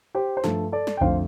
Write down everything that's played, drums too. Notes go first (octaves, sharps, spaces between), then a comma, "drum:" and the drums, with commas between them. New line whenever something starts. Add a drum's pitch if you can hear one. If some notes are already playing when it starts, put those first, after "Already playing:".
G4 C5
C5
G2 F3 A3 A4, drum: snare
A4 D5
drum: snare
G5
F2 D3 A3 C5 F5, drum: kick B1